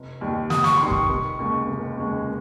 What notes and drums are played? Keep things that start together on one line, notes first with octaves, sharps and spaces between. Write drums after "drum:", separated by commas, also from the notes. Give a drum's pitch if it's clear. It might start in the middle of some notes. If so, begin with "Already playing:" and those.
Already playing: F1
D#2 D#3 G3
F1 D#6, drum: snare
C#6, drum: snare
D#2 D#3 G3 C6
C#6, drum: kick
F1
D#2 C#3 G#3
F1
D#2 C#3 G#3